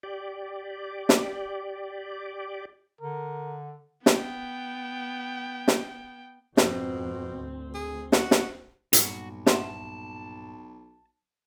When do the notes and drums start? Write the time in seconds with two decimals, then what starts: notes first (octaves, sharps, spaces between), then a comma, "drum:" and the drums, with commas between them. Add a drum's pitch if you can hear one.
0.03 G4 D5
1.09 drum: snare
3.01 D3 A#4
4.06 B3 G5, drum: snare
5.68 drum: snare
6.57 F2 G#2 B2 C4, drum: snare
7.37 D2
7.74 G#4
8.12 F#4, drum: snare
8.31 drum: snare
8.93 B1 G2 A#2 F#4, drum: hi-hat
9.46 E5 F#5 A5 C6, drum: snare